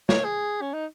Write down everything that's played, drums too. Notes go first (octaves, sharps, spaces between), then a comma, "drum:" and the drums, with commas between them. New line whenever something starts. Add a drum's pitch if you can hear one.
C#5, drum: snare
G#4
C#4
D#4